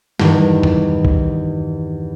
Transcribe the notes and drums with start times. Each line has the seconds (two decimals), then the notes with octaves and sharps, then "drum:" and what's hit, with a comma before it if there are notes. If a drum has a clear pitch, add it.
0.19 E2 G2 D#3 E3, drum: snare
0.63 drum: tom E2
1.05 drum: kick B1